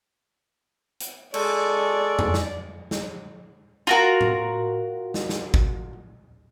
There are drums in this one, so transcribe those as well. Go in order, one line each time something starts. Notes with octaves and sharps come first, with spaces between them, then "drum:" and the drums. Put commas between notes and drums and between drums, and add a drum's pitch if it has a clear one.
drum: hi-hat
G#3 A4 D5 C#6, drum: cymbal
drum: tom F2
drum: snare
drum: snare
F4 F#4 A#4
drum: tom A2
drum: snare
drum: snare
drum: kick G#1